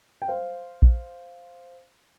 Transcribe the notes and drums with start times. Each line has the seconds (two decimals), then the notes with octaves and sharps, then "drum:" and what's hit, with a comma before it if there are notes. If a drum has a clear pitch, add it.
0.22 G5
0.28 C5 F5
0.82 drum: kick A#1